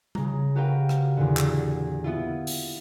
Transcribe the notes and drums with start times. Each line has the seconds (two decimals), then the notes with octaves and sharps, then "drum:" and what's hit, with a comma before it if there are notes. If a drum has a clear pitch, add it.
0.15 C#3 A#5, drum: tom G3
0.55 F#4 G4 A#4 B4 F5 G5
0.89 drum: rim click
1.17 E2 A#2 D3
1.37 drum: clap
2.04 B3 E4 F4
2.47 drum: open hi-hat